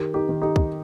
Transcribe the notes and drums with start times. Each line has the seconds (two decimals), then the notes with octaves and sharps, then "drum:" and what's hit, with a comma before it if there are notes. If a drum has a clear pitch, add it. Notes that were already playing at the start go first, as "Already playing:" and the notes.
Already playing: D#3 G4 A#4
0.14 D#4 G4
0.29 D#3
0.42 D#4 G4
0.56 drum: kick